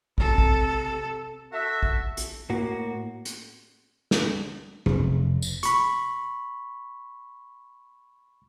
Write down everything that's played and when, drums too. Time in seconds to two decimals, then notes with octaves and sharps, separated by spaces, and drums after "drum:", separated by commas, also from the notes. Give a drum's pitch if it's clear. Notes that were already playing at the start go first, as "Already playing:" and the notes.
0.18 C3 A4, drum: kick
0.38 drum: kick
1.52 F#4 A4 E5
1.83 drum: kick
2.17 drum: hi-hat
2.50 A2 A#3 F#4
3.25 drum: hi-hat
4.11 drum: snare
4.86 F1, drum: tom
5.42 drum: tambourine
5.63 B5 C#6, drum: hi-hat